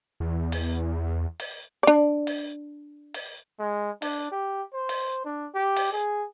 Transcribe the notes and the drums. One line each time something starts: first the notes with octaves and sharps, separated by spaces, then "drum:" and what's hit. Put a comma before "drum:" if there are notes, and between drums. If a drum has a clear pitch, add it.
E2
drum: open hi-hat
drum: open hi-hat
D4 D5
drum: open hi-hat
drum: open hi-hat
G#3
D4, drum: open hi-hat
G4
C5
drum: open hi-hat
D4
G4
drum: open hi-hat
G#4